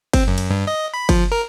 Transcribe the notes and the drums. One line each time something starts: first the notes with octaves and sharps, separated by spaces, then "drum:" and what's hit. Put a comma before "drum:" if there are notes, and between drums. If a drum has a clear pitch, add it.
C4, drum: kick G1, cymbal
F#2
drum: cymbal
G2
D#5
B5
F3, drum: kick G1, cymbal
A#4